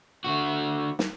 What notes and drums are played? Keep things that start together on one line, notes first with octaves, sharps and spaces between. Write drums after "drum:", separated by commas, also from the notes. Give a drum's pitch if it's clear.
D3 F#4
drum: snare